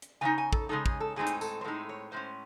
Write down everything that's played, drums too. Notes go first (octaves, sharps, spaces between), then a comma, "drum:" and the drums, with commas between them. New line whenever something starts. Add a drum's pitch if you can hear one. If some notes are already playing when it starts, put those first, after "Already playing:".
drum: hi-hat
C#3 G#3 D#4 G#5
G#5
A4, drum: kick
C#3 G#3 D#4 A4
G#4, drum: kick
A4
A2 G#3 C4 D#4 G#4
drum: hi-hat
A4, drum: tambourine
C5
A2 G#3 C4 D#4 A4
C#5
A2 G#3 C#4 C5